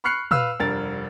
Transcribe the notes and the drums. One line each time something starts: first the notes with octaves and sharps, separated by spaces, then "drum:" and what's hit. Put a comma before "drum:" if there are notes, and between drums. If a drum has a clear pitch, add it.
B5 C#6 F6 F#6 C7 C#7
B4 F5 E6 F6, drum: tom
F1 G2 A#4 A6